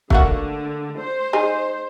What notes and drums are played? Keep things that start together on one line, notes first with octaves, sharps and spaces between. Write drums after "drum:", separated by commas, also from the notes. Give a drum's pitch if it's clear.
D3 A3 A#3 F#4, drum: kick
C5
D#4 G#4